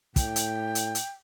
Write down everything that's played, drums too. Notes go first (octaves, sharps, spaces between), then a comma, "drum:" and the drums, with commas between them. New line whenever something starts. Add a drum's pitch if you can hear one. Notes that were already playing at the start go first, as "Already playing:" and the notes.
A2 G5, drum: kick, hi-hat
drum: hi-hat
drum: hi-hat
drum: hi-hat